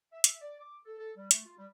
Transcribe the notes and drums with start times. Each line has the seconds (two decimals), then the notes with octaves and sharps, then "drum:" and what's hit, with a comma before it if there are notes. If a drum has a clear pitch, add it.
0.12 E5
0.24 E5, drum: hi-hat
0.41 D5
0.60 D6
0.85 A4
0.99 A4
1.17 G3
1.31 A3, drum: hi-hat
1.45 F4
1.58 G3